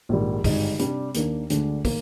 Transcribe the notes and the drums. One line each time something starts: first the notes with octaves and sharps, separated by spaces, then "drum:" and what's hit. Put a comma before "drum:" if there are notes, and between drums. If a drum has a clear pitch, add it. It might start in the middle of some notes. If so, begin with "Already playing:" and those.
A#1 G#2 D#3 G3
G#1 G2 D3 G#3 D#4, drum: kick, open hi-hat
C3 G3 D4 G4, drum: hi-hat
D#2 D#3 A#3 D4, drum: hi-hat
D2 D3 G#3 D4, drum: hi-hat
D#3 A#3, drum: kick, open hi-hat